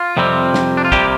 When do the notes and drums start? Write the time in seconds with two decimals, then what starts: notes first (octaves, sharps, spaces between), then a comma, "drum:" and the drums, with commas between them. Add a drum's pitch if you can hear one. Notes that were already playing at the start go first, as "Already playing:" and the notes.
Already playing: F4
0.17 F2 C3 G3 C4
0.54 drum: snare
0.77 D4
0.85 F4
0.92 C3 G3 A#3 G4, drum: kick